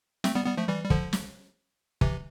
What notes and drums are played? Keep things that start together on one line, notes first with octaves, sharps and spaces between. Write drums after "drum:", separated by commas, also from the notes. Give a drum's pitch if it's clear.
A3 C4, drum: snare
G3 B3
G3 B3
F3 A3
E3 G3
G3
D3 F3, drum: kick
drum: snare
C3 E3, drum: kick